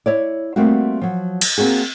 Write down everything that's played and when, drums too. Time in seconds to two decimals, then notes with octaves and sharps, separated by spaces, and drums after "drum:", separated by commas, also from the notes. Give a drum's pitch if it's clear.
0.06 E4 C#5 D5
0.56 G3 A3 A#3 C4 F#4
1.01 F3 F#3
1.41 drum: cymbal
1.58 A#3 C4 F#4 G#4